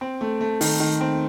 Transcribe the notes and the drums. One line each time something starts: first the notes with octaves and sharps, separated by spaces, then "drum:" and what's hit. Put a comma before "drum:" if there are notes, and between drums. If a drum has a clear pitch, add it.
C4
A3
A3
D#3, drum: open hi-hat
D#3
C4